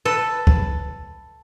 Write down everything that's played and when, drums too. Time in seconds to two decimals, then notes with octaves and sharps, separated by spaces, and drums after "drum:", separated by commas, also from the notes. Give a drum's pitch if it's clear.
0.05 A4 B4
0.47 drum: kick